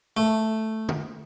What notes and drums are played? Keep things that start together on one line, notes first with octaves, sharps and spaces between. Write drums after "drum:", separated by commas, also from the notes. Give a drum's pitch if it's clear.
A3
drum: tom D3